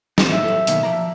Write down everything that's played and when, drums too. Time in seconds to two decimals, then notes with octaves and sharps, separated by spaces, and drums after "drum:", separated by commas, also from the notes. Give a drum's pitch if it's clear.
0.18 C4, drum: snare
0.30 A2 D#4 E5
0.44 F#3 A4
0.67 B2 D#3 A#3, drum: hi-hat
0.83 F3 D5 A#5